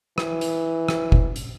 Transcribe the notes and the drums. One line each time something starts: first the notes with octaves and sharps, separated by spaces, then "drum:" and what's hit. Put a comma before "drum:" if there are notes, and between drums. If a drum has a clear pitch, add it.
E3, drum: rim click
drum: hi-hat
drum: rim click
drum: kick F1
drum: hi-hat